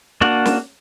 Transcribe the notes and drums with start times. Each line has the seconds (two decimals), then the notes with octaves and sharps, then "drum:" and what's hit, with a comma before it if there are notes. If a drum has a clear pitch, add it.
0.21 A#3 D4 F#4 F#5
0.46 drum: snare